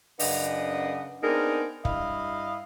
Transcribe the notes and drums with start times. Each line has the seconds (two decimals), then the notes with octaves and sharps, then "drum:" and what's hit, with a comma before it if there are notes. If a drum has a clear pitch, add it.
0.19 F#2 C#3 D4 B4 D#5 F#5, drum: open hi-hat
1.23 B3 C4 D4 D#4 G#4 A#4
1.85 G2 E4 D#5 F5, drum: kick